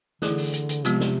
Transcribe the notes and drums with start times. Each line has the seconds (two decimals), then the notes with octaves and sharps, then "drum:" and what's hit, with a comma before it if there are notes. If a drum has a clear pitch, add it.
0.22 D3 E3 A3 E4 G#4, drum: snare
0.38 drum: open hi-hat
0.53 drum: hi-hat
0.69 drum: hi-hat
0.84 C3 F3 G#3 B3 F4, drum: hi-hat
1.00 drum: snare